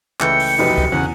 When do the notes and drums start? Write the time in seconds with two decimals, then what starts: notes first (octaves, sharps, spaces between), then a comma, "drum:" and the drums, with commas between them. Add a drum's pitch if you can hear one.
0.20 C#2 E3 A3 G5 C#7, drum: clap
0.40 drum: open hi-hat
0.59 F1 B1 D#4 G4 B4
0.78 drum: kick
0.92 E2 C#3 F#5